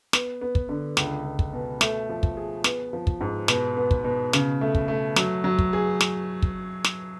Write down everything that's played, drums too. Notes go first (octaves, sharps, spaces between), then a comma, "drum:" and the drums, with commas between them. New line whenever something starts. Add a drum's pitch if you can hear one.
B3, drum: snare
B3
drum: kick
D3
C#2, drum: snare
C#2
drum: kick
B2
A3, drum: snare
F3
drum: kick
G#4
B3, drum: snare
F3
drum: kick
G#2
B2, drum: snare
B3
drum: kick
B2
C#3, drum: snare
A3
drum: kick
A3
F#3, drum: snare
F#3
drum: kick
G#4
drum: snare
drum: kick
drum: snare